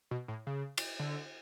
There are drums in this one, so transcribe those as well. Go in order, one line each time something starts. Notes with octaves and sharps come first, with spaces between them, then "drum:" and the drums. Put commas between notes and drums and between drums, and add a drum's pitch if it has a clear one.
B2
A2
C#3
drum: cymbal
D3